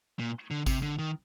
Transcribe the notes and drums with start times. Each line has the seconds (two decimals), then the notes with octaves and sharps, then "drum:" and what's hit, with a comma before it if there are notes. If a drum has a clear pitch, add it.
0.19 A#2
0.51 D3
0.66 C3, drum: kick G#1, tambourine
0.83 D3
0.99 D#3